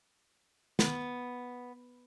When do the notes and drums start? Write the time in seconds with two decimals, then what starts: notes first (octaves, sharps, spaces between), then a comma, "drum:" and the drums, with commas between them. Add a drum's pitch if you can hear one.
0.79 B3, drum: snare